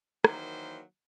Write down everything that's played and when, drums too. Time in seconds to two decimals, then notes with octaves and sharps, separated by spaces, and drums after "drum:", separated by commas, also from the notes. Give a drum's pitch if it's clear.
0.24 D#3 E3 F#3 A#3 C5, drum: rim click